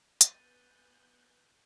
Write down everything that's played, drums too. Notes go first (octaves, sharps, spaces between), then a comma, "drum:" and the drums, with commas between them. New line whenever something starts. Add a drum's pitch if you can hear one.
B3 G#5 F#6 G6 A6 D#7, drum: hi-hat